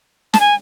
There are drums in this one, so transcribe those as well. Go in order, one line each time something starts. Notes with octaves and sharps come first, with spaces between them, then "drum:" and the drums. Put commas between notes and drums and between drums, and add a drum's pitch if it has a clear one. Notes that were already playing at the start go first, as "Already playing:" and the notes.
A5, drum: snare
G#5